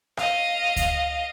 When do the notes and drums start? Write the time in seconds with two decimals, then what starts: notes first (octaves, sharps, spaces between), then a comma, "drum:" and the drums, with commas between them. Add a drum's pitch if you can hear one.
0.17 D#5 F5, drum: rim click
0.76 drum: kick D2, hi-hat